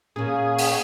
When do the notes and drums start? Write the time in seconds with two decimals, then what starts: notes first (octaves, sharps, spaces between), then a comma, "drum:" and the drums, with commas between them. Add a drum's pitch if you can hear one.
0.16 A#2 A#3 C#4 G#4
0.58 drum: open hi-hat